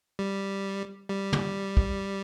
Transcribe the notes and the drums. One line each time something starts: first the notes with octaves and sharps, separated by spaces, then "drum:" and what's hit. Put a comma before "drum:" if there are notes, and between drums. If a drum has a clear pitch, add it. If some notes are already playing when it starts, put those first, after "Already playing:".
G3
G3
drum: tom
drum: kick